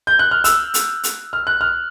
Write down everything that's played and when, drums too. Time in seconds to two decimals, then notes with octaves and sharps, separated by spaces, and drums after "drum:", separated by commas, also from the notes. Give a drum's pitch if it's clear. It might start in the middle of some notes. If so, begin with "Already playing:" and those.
0.07 G6
0.19 F#6
0.31 F6
0.44 E6, drum: hi-hat
0.74 drum: hi-hat
1.04 drum: hi-hat
1.33 F6
1.47 F#6
1.61 F6